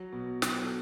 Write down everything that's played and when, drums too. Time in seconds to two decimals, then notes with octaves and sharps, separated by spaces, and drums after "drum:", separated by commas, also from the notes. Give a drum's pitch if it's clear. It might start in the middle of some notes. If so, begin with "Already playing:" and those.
Already playing: F#3
0.12 B2
0.42 F#3, drum: snare
0.64 A4